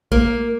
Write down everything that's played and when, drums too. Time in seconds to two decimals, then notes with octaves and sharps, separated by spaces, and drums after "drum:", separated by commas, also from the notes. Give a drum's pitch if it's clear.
0.12 A#3, drum: kick